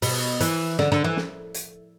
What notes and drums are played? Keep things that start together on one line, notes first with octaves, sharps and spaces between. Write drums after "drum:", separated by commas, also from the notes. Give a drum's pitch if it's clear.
B2, drum: open hi-hat
E3, drum: hi-hat
D3, drum: snare
D3
E3
drum: snare
drum: hi-hat